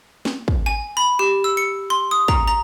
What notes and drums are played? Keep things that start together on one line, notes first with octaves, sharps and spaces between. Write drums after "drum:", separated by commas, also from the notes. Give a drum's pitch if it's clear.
drum: snare C4
drum: kick
G#5
B5
G4
E6
C#7
C6
D#6
A#5, drum: kick
A#5